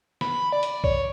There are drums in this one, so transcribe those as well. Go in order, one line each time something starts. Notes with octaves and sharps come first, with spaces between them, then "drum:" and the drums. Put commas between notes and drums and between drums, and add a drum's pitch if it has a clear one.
B5, drum: snare
D5
drum: hi-hat
C#5, drum: kick A#1